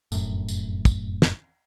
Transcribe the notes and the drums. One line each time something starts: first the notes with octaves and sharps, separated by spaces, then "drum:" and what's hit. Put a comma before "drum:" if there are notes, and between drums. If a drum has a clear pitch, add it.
F1 F#2 A2, drum: tambourine
drum: tambourine
drum: kick, tambourine
drum: snare